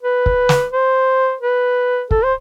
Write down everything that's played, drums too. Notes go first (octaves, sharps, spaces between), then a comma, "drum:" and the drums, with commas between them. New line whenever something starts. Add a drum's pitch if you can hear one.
B4
drum: kick
drum: snare
C5
B4
A4, drum: kick
C5